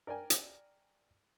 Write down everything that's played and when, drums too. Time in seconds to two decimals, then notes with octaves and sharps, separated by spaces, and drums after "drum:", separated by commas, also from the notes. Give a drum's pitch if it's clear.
0.07 A#4 D5 G5 G#5
0.30 drum: hi-hat